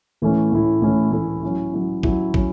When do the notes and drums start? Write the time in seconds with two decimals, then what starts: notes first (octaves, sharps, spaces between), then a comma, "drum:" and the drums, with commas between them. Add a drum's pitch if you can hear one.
0.22 A2 E3 A3 C#4 E4
0.52 A2 E3 A3 C#4 E4
0.82 A2 E3 A3 C#4 E4
1.12 A2 E3 A3 C#4 E4
1.43 F#3 C#4 E4
1.73 F#3 C#4 E4
2.03 F#3 C#4 E4, drum: kick
2.34 F#3 C#4, drum: kick